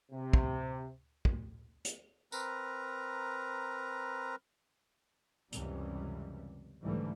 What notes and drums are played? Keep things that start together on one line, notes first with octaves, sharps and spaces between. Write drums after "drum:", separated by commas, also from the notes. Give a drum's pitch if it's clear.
C3
drum: kick
drum: kick
drum: hi-hat
C4 A#4 B4 A#5, drum: tambourine
C#2 F#2 C3 E3 G3, drum: hi-hat
C2 G#2 D3 E3 G3 A3